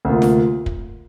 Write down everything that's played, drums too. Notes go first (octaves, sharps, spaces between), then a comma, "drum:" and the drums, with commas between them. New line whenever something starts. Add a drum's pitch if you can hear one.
D2 C3 A#3 F4
drum: snare F4
drum: kick